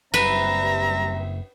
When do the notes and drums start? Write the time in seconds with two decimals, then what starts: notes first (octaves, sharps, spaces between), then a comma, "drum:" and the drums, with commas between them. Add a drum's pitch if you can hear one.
0.14 F#1 G3 C4 B4 E5 A#5, drum: cymbal